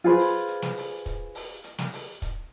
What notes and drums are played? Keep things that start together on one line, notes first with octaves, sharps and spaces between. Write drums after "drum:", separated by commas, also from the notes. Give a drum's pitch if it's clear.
F4 G#4 B4 C5
drum: open hi-hat
drum: hi-hat
drum: snare
drum: open hi-hat
drum: kick, hi-hat
drum: open hi-hat
drum: hi-hat
drum: snare
drum: open hi-hat
drum: kick, hi-hat